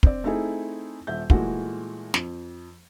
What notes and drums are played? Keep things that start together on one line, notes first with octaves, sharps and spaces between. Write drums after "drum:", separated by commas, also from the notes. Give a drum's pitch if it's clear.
C4 D5, drum: kick
A3 C4 D#4 E4 G#4 A4
D#1 E5 G6
A#2 E3 G#3 A3 F#4, drum: kick
F2, drum: snare